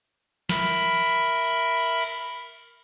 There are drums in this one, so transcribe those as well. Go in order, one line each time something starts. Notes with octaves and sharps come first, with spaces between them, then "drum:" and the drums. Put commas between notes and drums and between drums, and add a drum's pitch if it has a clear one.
A#4 E5 B5, drum: snare
drum: cymbal